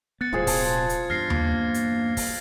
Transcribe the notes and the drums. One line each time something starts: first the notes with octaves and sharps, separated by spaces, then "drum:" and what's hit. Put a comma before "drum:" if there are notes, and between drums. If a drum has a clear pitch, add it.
B3 F#6 A6 C#7
D1 G1 D2 G3 F4 G#4 C5
B2 A5 G#6, drum: kick, open hi-hat
drum: hi-hat
E2 G2 F6 A#6 C7
A#3, drum: tom D#2
drum: hi-hat
drum: kick, open hi-hat